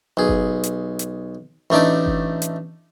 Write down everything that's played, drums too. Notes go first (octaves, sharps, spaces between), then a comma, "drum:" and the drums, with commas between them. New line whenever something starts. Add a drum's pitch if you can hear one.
B1 G#4
drum: kick G1
drum: hi-hat
drum: hi-hat
A1 A3 D4 D#4 D5
drum: kick G1
drum: hi-hat